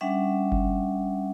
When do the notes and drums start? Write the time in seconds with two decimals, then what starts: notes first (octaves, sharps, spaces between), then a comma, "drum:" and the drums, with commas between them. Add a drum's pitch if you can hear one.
0.01 G3 C#4 D4 E5 F#5
0.52 drum: kick G1